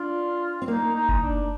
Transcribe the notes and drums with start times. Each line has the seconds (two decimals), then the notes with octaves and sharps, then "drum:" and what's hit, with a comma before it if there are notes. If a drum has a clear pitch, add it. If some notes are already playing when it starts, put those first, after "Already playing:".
Already playing: D4 F4
0.62 C4
0.68 A#3 D#4
0.95 D#4
1.09 drum: kick F#1
1.23 D4